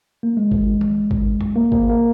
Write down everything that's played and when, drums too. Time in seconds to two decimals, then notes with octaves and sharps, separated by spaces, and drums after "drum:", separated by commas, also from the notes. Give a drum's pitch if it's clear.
0.23 A#3
0.37 G#3
0.51 drum: kick G#1
0.81 drum: tom D#3
1.11 drum: kick G#1
1.41 drum: tom F2
1.56 A#3
1.72 A#3, drum: kick G#1
1.89 A#3